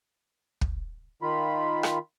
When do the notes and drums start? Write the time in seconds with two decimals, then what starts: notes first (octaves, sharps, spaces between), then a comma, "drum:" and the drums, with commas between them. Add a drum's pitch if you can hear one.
0.61 drum: kick
1.22 D#3 F4 B5
1.83 drum: rim click